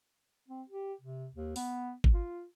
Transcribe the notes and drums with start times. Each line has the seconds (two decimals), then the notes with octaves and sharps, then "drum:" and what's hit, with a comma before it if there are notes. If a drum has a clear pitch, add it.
0.49 C4
0.70 G4
1.01 C3
1.34 D#2
1.56 B3, drum: open hi-hat
2.04 drum: kick
2.13 F4